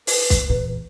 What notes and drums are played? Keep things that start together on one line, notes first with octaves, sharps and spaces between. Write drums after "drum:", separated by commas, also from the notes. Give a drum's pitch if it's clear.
B4, drum: open hi-hat
drum: kick, hi-hat
E2 A#2